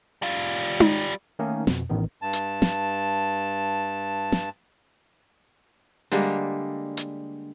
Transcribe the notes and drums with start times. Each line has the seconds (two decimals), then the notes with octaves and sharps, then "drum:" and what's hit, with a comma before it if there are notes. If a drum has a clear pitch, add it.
0.22 G3 F4
0.80 drum: tom D#4
1.39 D#3 A3 A#3 C#4 D#4
1.67 F2 B2, drum: snare
1.90 A1 D#3 B3
2.22 G2 A5
2.33 drum: hi-hat
2.62 drum: snare
4.32 drum: snare
6.12 D3 G3 G#3 A#3, drum: open hi-hat
6.97 drum: hi-hat